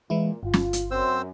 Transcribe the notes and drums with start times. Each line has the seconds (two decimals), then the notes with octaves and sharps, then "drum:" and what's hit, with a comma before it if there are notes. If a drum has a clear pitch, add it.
0.10 A#2 E3 G#3 E4
0.43 G1 F4
0.54 drum: snare
0.73 drum: hi-hat
0.91 F#2 C4 C5 E6